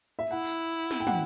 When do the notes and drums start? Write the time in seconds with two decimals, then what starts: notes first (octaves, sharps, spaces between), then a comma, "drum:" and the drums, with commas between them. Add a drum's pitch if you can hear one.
0.19 E5
0.30 E4 F#5
0.46 drum: tambourine
0.91 drum: snare
1.00 G5
1.07 F#5, drum: tom